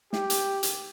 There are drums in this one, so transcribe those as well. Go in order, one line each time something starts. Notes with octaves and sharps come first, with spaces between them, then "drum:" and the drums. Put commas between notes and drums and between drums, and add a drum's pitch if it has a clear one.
G4, drum: snare
drum: hi-hat
drum: hi-hat